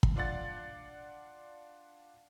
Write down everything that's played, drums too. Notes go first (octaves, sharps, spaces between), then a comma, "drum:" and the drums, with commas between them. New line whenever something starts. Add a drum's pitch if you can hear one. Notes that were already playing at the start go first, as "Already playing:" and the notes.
drum: kick
D4 F4 D5 F#5 A6